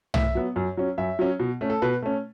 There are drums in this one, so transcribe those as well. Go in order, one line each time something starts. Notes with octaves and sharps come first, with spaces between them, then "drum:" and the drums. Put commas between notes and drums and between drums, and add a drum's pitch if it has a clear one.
A2 E5, drum: tom
F#3 B3
F#2
F#3 C#4
F#2 E5
F#3 C#4
B2
A3 C#4
A4
B2 B4
A3 C#4